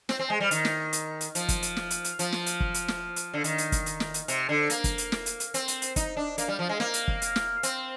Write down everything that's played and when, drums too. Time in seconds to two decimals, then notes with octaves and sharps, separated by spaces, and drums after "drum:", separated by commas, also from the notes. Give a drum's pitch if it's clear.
0.09 C4, drum: snare
0.19 C4
0.30 G#3
0.40 G3
0.51 D#3, drum: hi-hat
0.65 drum: snare
0.93 drum: hi-hat
1.21 drum: hi-hat
1.35 F3, drum: hi-hat
1.49 drum: kick, hi-hat
1.63 drum: hi-hat
1.77 drum: snare
1.90 drum: hi-hat
2.04 drum: hi-hat
2.19 F3, drum: hi-hat
2.32 drum: snare
2.46 drum: hi-hat
2.60 drum: kick
2.74 drum: hi-hat
2.88 drum: snare
3.16 drum: hi-hat
3.33 D3
3.44 D#3, drum: hi-hat
3.58 drum: hi-hat
3.72 drum: kick, hi-hat
3.86 drum: hi-hat
4.00 drum: snare
4.14 drum: hi-hat
4.28 C3, drum: hi-hat
4.49 D3
4.70 A#3, drum: hi-hat
4.84 drum: kick, hi-hat
4.98 drum: hi-hat
5.12 drum: snare
5.26 drum: hi-hat
5.40 drum: hi-hat
5.54 C4, drum: hi-hat
5.68 drum: hi-hat
5.82 drum: hi-hat
5.96 D#4, drum: kick, hi-hat
6.17 D4
6.38 A#3, drum: hi-hat
6.48 G3
6.59 F3
6.69 G#3
6.80 A#3, drum: snare
6.94 drum: hi-hat
7.08 drum: kick
7.22 drum: hi-hat
7.36 drum: snare
7.63 C4, drum: hi-hat